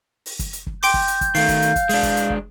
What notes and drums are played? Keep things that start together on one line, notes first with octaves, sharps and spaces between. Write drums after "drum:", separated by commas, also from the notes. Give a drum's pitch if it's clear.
drum: open hi-hat
drum: kick, hi-hat
drum: hi-hat
drum: kick
G5 C6 D6 G6, drum: open hi-hat
drum: kick
drum: hi-hat
drum: kick, hi-hat
D#3 A3 F5 C7, drum: open hi-hat
drum: kick, hi-hat
drum: hi-hat
drum: kick, hi-hat
G#3 D4, drum: open hi-hat
drum: kick, hi-hat
drum: hi-hat
drum: kick